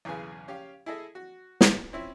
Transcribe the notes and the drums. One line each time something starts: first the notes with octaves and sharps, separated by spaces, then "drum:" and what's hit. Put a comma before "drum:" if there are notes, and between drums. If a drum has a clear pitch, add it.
B1 E2 C#3 G#4 B4 G#5
C#4 G4 F5
E4 G#4 A4 D#5
F#4
drum: snare
F3 C4 C#4 E4